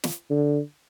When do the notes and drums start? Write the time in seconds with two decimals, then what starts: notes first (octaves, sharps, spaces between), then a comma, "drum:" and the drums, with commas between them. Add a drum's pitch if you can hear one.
0.04 drum: snare
0.30 D3